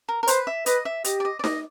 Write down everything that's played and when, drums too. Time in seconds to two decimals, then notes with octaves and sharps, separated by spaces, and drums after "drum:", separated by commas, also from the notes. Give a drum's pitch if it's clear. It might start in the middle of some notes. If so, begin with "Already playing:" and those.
0.08 A#4
0.23 A#4
0.27 B4 C5, drum: hi-hat
0.47 E5
0.66 B4 D#5, drum: hi-hat
0.85 E5
1.04 G4 D#5, drum: hi-hat
1.20 D5
1.25 D#5
1.39 D5
1.44 D#5, drum: snare D#4